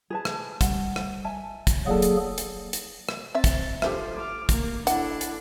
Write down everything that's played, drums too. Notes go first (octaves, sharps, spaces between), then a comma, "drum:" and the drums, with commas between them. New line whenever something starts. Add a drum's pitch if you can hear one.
G#4 B4 A5
drum: rim click
G3 F#5, drum: kick, hi-hat
drum: rim click
E5 G#5 A5
drum: kick, hi-hat
D#1 F#3 A#3 G#4 A4 D5 F#5
drum: hi-hat
drum: hi-hat
drum: hi-hat
drum: rim click
C4 E5 A6
drum: kick, hi-hat
D3 F3 G4 C5 E5, drum: rim click
D6 F6
A#3, drum: kick, hi-hat
D4 E4 A4 F#5, drum: hi-hat
drum: hi-hat